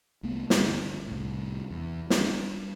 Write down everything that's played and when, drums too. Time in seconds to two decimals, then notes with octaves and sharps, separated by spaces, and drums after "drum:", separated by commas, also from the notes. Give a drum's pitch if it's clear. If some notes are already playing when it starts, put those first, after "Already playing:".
0.23 C2 A3 B3
0.50 D2 G2, drum: snare
1.07 C2 A2
1.70 E2
2.10 G3 D4, drum: snare